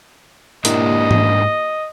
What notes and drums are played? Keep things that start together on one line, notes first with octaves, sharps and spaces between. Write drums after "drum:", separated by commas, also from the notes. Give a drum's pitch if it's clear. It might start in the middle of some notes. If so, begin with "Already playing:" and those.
G#2 A#3 D4 E4 G4 A#4 D#5, drum: hi-hat
drum: tom G#2